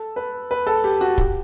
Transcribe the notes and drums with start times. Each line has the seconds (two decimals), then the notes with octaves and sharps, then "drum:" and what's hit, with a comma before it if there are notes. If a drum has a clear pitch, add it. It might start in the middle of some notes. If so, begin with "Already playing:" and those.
Already playing: A4
0.16 B4
0.51 B4
0.67 A4
0.84 G4
1.01 F#4
1.18 G4, drum: kick